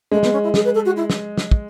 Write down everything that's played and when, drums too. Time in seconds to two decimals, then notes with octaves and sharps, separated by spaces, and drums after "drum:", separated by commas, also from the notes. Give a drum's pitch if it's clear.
0.11 G#3 A3
0.23 B3, drum: snare
0.32 C#4
0.43 E4
0.54 G#4, drum: snare
0.64 B4
0.74 A4
0.85 F#4
0.96 E4
1.10 drum: snare
1.38 drum: snare
1.51 drum: kick